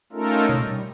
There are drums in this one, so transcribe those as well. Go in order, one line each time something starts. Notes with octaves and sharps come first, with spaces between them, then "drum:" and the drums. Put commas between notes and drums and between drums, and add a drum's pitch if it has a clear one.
A3 C#4 D#4 F4 A4 A#4
drum: tom B2
G3